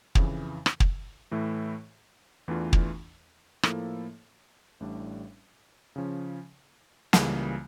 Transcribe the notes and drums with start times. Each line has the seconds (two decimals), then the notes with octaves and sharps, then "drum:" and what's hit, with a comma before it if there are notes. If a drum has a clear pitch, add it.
0.15 F2 C#3 E3, drum: kick
0.66 drum: rim click
0.80 drum: kick
1.31 A2 E3 A3 E4
2.48 E2 E3 A3 D4 F4
2.73 drum: kick
3.63 A2 F3 A#3 E4 A4, drum: rim click
4.80 A1 A2 G3 D4
5.96 C#3 F3 C#4
7.13 C#2 C#3 E3 G3 A#3, drum: snare